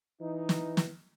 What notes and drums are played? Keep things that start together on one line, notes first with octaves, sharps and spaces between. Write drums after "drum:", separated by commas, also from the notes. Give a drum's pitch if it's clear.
E3 D#4
drum: snare
drum: snare